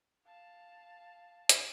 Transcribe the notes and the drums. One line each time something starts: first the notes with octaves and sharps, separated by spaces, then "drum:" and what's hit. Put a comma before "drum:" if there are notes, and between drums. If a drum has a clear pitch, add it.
F5 A5
drum: hi-hat